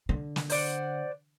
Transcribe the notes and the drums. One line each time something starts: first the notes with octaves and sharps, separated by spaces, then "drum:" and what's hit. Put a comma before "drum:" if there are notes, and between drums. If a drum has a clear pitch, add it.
D3
drum: snare
C5 D5 F#5, drum: open hi-hat